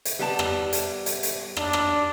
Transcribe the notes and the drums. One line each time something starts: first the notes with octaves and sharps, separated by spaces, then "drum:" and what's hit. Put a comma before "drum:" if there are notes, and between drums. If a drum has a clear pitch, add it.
drum: hi-hat
G3 B3 A5
drum: rim click
drum: hi-hat
drum: hi-hat
drum: hi-hat
D4, drum: rim click
drum: rim click